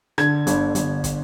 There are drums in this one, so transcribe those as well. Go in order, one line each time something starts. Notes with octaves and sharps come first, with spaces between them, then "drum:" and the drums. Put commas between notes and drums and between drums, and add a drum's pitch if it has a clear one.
D3 G#6, drum: rim click
G1, drum: hi-hat
G1, drum: hi-hat
drum: kick, hi-hat